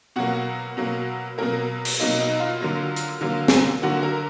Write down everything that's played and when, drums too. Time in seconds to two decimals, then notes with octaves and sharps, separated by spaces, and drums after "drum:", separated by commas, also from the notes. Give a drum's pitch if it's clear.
0.16 B2 F#3 A#3 F#4
0.77 B2 F#3 A#3
1.38 B2 F#3 A#3 A#4
1.85 drum: cymbal
2.00 B2 F#3 A#3 D#4
2.20 D#4
2.40 F4
2.61 D3 F#3 A#3
2.96 drum: hi-hat
3.21 D3 F#3 A#3
3.48 drum: snare
3.82 D3 F#3 A#3 F#4
4.03 A#4